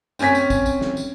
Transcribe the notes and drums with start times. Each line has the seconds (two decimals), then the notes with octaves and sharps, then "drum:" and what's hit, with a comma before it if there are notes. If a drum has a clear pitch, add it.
0.19 C4 C#4 G#5 G#6 B6, drum: tambourine
0.35 drum: tambourine
0.50 drum: kick, tambourine
0.66 drum: tambourine
0.81 drum: snare
0.97 drum: tambourine